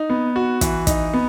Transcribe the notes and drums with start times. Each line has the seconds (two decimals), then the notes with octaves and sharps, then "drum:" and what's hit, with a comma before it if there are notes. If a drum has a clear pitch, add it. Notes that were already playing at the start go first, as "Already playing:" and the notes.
Already playing: D#4
0.10 B3
0.36 F#4
0.61 E3, drum: kick, hi-hat
0.87 D#4, drum: kick, hi-hat
1.14 B3